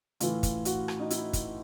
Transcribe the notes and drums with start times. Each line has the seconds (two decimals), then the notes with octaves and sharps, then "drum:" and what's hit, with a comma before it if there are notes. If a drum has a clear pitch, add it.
0.20 A2 E3 F4, drum: hi-hat
0.43 drum: kick, hi-hat
0.65 F#4, drum: hi-hat
0.88 drum: rim click
1.00 D#4
1.10 E4, drum: hi-hat
1.33 drum: kick, hi-hat